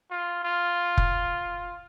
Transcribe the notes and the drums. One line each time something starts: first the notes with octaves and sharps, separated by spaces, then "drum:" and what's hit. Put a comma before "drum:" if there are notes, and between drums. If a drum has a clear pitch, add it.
F4
F4
drum: kick F1